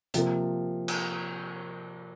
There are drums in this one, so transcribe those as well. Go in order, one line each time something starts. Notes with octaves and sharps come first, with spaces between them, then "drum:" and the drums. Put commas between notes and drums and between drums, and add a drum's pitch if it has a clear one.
C3 F3 A#3, drum: hi-hat
drum: cymbal